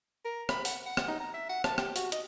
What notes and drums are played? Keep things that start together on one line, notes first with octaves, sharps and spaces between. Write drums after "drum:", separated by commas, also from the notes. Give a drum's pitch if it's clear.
A#4
B5, drum: rim click
F#5, drum: open hi-hat
F#5
drum: rim click
D#4
A#5
E5
F#5
A5, drum: rim click
G4, drum: rim click
F#4, drum: open hi-hat
D#5, drum: hi-hat